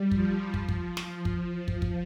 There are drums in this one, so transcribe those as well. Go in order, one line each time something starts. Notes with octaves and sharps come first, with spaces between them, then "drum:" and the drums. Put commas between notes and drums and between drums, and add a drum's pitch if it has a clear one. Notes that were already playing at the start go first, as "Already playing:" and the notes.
Already playing: G3
F3, drum: kick
F3, drum: kick
drum: kick
drum: snare
drum: kick
drum: kick
drum: kick